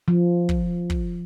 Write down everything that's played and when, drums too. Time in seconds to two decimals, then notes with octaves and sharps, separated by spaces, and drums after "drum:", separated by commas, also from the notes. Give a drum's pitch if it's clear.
0.08 F3
0.49 drum: kick
0.90 drum: kick